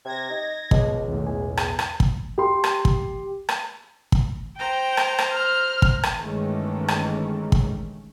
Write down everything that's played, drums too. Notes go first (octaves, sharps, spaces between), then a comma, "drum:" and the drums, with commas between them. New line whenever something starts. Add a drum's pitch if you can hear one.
C3 G#6 A#6
D#4
C#2 B2 G3 D#5 A5, drum: kick
B1 E2 A2 D#3 E4
G#5
drum: rim click
drum: rim click
drum: kick
G4 C6
drum: rim click
drum: kick
drum: rim click
drum: kick
C5 G5 A#5
drum: rim click
drum: rim click
F6
drum: kick
drum: rim click
G1 D#3 E3 G#3 A3 C#4
drum: rim click
drum: kick